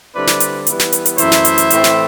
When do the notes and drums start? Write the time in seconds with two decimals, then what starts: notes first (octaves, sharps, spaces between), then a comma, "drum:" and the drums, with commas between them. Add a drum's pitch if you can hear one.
0.14 D3 G3 C4 E4 B4 D5
0.27 drum: snare
0.40 drum: hi-hat
0.67 E3 G3 B3 E4, drum: hi-hat
0.79 drum: snare
0.92 drum: hi-hat
1.06 drum: hi-hat
1.18 F#2 E3 A3 E4 C5 E5, drum: hi-hat
1.32 drum: snare
1.45 drum: hi-hat
1.58 drum: hi-hat
1.70 A2 E3 A3 C4, drum: hi-hat
1.84 drum: snare